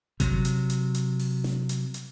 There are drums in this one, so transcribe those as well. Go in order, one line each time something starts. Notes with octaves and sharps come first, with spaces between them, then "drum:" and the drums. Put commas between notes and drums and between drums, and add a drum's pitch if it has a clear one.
C3 F#3, drum: kick G1, hi-hat
drum: hi-hat
drum: hi-hat
drum: hi-hat
drum: open hi-hat
drum: snare
drum: hi-hat
drum: hi-hat